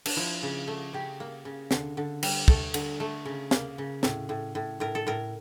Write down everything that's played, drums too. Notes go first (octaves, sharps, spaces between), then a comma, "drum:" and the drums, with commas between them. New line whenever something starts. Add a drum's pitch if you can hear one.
D4, drum: cymbal
F3 E4
C#3
A3
C#3 G4
A#3
C#3
D3, drum: snare
D3
G3, drum: cymbal
A3 A4, drum: kick
D3, drum: cymbal
A3
C#3
A#3, drum: snare
C#3
A2, drum: snare
A2
A2
A2 A#4
A4
A2 A#4